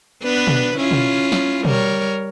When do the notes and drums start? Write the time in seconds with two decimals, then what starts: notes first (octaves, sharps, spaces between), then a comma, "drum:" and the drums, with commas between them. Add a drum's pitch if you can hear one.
0.23 B3 D4 B4
0.47 drum: tom B2
0.77 C#4 E4 F4
0.91 drum: tom B2
1.32 drum: snare
1.65 G3 A#4 C#5, drum: tom B2